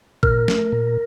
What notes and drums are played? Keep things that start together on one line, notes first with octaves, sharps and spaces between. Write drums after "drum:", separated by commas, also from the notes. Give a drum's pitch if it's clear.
A#2 A#4, drum: kick
A3, drum: snare
A#2